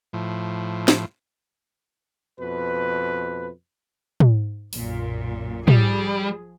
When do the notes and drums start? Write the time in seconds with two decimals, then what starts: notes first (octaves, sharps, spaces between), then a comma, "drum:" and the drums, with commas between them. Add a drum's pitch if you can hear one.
0.13 A2 F3
0.88 drum: snare
2.39 F2 B2 B4
4.20 drum: tom
4.73 B1 F#2 A#2, drum: open hi-hat
5.68 F3 G3 G#4, drum: tom